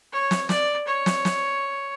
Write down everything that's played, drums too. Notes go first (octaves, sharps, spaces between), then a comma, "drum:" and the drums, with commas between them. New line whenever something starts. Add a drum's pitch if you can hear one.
C#5
drum: snare
D5, drum: snare
C#5
drum: snare
drum: snare